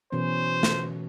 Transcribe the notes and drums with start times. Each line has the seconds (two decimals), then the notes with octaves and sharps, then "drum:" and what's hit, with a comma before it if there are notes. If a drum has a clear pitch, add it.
0.12 B2 E3 C#4 C5
0.63 drum: snare